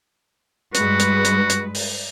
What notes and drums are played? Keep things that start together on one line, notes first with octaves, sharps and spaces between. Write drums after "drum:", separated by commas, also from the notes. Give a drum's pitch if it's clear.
G2 G#3 F#4 B4, drum: hi-hat
drum: hi-hat
drum: hi-hat
drum: hi-hat
drum: open hi-hat